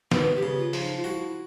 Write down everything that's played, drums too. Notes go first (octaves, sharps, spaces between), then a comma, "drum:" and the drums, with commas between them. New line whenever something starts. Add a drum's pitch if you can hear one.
B3 B4, drum: snare
G4
C#3
F4
F3, drum: open hi-hat
D#4
F4
E4 F#4